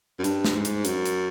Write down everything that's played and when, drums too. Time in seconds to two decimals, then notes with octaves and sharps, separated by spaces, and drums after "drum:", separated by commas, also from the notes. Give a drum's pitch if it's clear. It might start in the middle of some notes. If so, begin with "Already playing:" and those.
0.19 F#2
0.24 G2, drum: hi-hat
0.45 drum: snare
0.55 G#2
0.65 drum: hi-hat
0.85 F#2, drum: hi-hat
1.06 drum: hi-hat